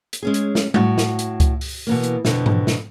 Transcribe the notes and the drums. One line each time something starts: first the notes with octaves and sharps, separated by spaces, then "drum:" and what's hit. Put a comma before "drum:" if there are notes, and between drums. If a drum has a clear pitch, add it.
drum: hi-hat
G#3 C#4 G#4
drum: hi-hat
drum: snare
A2 F#4, drum: tom G3
drum: snare
drum: hi-hat
drum: kick C#2, hi-hat
drum: open hi-hat
B2 E3 A#3
drum: hi-hat
F2 B2 D3, drum: snare
drum: tom G#2
drum: snare